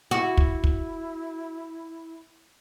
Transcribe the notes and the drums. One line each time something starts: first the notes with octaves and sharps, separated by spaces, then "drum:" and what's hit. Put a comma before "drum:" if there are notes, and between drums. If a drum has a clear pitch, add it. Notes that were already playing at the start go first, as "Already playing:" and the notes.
E4 F#4
drum: kick
drum: kick